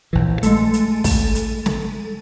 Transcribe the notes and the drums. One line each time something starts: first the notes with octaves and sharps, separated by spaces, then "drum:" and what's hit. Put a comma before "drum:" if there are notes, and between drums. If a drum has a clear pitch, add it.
A#1 E3
G#3 A3 A4, drum: hi-hat
drum: hi-hat
drum: kick, open hi-hat
drum: hi-hat
drum: snare